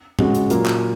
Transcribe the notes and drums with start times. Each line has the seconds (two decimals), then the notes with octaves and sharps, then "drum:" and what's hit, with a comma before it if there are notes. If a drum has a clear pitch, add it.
0.19 C#3 G#3 C#4 F#4, drum: tom G#2
0.35 drum: hi-hat
0.50 A#2 F#3 A#3, drum: hi-hat
0.66 drum: clap